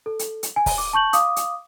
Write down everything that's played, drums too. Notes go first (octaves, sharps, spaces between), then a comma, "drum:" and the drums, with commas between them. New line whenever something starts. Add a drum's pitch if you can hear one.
A4
drum: hi-hat
drum: hi-hat
G#5
drum: kick, open hi-hat
D6
A5 C#6 G6 F#7
F5 D6 D#6, drum: hi-hat
drum: hi-hat